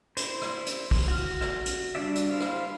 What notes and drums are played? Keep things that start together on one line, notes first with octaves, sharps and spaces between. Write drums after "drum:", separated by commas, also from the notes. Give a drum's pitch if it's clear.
E4 C5, drum: hi-hat
drum: rim click
drum: hi-hat
drum: kick, open hi-hat
F#4 F6
drum: rim click
drum: hi-hat
G3 D4 F#4 D5 E5
drum: hi-hat
E4 C5 F5
drum: rim click